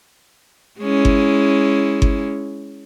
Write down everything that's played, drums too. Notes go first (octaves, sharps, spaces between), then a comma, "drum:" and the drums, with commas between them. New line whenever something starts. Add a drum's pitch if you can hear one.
G#3 C#4 E4
drum: kick G1
drum: kick G1